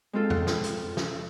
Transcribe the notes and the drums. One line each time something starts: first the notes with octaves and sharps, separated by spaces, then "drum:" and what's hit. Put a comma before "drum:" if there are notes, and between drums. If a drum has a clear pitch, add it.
G#3 C4 F4 A4
drum: tom F2
drum: snare
drum: hi-hat
drum: snare